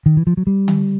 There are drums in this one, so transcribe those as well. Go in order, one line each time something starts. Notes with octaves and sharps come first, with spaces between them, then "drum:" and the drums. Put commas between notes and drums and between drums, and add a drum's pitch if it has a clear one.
D#3
E3
F3
F#3
G3
drum: tom D3